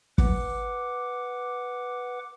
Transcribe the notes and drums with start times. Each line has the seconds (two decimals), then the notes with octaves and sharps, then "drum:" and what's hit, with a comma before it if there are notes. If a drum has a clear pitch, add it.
0.18 B4 F#5 D6, drum: kick